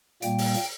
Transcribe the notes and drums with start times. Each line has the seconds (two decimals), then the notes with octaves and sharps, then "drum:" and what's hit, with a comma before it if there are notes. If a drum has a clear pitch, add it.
0.22 A#2 G3 A#3 G5, drum: hi-hat
0.38 drum: open hi-hat
0.54 drum: hi-hat